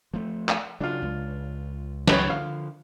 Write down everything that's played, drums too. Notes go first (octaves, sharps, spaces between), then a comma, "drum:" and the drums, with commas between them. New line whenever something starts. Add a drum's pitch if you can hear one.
F3 A3
drum: clap
C#3 F#3 D4 F4
C#2
B4 C#5, drum: snare
D3 F3 F5